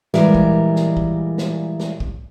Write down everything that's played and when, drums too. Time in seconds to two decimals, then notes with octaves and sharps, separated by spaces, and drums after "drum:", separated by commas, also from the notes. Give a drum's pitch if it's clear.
0.14 A#2 E3 G3 G#3 A#4, drum: snare
0.34 drum: kick
0.76 drum: snare
0.97 drum: kick
1.38 drum: snare
1.80 drum: snare
2.00 drum: kick